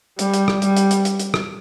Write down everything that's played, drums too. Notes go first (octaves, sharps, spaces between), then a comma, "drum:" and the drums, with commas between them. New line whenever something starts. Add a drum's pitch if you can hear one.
G3, drum: hi-hat
drum: hi-hat
drum: rim click
G3, drum: hi-hat
drum: hi-hat
drum: hi-hat
drum: hi-hat
drum: hi-hat
drum: rim click